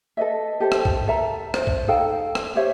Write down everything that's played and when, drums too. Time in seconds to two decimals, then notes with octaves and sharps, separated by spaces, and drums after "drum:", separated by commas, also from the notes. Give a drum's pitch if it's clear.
0.17 A4 B4 D#5 E5
0.60 G4 A4 C5
0.72 drum: rim click
0.85 drum: kick B1
1.07 A4 A#4 E5 A#5
1.54 C5, drum: rim click
1.67 drum: kick B1
1.88 D#4 A4 F5 G5
2.35 drum: rim click
2.55 G4 C5 C#5 E5